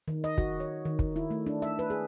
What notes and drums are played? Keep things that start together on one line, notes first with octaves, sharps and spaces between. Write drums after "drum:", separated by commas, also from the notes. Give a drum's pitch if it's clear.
D#3
D#5
F#4, drum: kick
C#5
D#3
drum: kick
E4
A3
D4
E5
B4
G#4